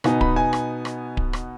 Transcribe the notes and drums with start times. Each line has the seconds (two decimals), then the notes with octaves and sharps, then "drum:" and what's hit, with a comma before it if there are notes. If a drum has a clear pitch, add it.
0.04 B2 B3 D#4 G#5, drum: rim click
0.21 B5, drum: kick D1
0.36 G#5
0.53 drum: rim click
0.85 drum: rim click
1.17 drum: kick D1
1.33 drum: rim click